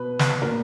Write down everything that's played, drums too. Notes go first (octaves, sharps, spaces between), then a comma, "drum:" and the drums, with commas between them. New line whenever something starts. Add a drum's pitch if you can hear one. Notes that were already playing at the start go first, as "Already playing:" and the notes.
Already playing: B2 B4
drum: snare
A#2 A#4